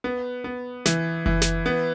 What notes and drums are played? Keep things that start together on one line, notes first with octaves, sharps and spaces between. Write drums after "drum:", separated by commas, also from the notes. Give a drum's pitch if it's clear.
B3
B3
E3, drum: snare
E3, drum: kick F#1
drum: snare
B3